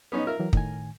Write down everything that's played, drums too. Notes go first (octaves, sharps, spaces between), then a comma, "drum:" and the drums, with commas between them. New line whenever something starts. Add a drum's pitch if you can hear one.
B3 C#4 D#4
F4 A#4 E5
E3 F#3
A2 D#3 G#5, drum: kick